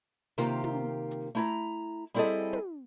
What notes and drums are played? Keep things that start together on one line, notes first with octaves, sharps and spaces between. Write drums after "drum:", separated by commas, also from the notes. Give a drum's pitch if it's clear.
C3 D#3 A#3 F4 G4
drum: tom
drum: hi-hat
A3 E4 A#5
G3 C4 E4 G#4 A4 D#5
drum: tom